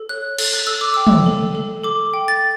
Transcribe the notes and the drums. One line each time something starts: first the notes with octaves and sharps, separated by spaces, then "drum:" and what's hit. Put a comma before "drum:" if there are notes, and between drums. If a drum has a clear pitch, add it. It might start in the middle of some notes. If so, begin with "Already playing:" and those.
Already playing: A4
C#5 F#6
A4, drum: cymbal
F#6
A4 E6
D6
G5 E6
drum: tom
A4
A4
A4 D6
G5
A6